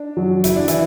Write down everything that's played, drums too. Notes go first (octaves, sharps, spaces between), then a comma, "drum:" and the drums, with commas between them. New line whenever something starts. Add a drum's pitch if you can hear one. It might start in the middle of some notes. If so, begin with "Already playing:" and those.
Already playing: D4
F#2 F#3
F#1 E4, drum: hi-hat
D4
E3 E4, drum: hi-hat